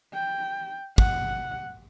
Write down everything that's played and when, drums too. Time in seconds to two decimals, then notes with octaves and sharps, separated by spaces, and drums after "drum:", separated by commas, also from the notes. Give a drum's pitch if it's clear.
0.14 G5
0.98 F#5, drum: kick